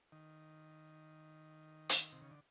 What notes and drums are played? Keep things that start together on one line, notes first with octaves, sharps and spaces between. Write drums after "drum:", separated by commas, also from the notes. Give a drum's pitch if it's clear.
D#3
drum: hi-hat
C3
C#3
D3